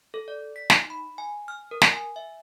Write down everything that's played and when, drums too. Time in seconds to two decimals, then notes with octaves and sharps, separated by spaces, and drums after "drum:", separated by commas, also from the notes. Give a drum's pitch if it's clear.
0.14 A4
0.28 D5
0.56 B6
0.70 D#4, drum: snare
0.90 B5
1.18 G#5
1.48 F6
1.71 A#4
1.82 drum: snare
1.92 G#5
2.16 E5